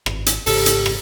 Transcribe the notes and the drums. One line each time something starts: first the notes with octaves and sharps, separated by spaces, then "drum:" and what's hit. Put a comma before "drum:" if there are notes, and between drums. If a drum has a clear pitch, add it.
G#1, drum: rim click
drum: hi-hat
G#1 G#2 C#3 G4 A4, drum: open hi-hat
drum: hi-hat
drum: rim click